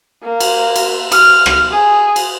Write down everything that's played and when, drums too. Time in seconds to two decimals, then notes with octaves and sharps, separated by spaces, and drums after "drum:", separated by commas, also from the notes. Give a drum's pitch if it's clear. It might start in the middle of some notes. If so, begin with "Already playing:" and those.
0.23 A#3
0.40 drum: cymbal
0.76 drum: cymbal
1.12 F6, drum: cymbal
1.46 drum: rim click
1.71 G#4
2.16 drum: cymbal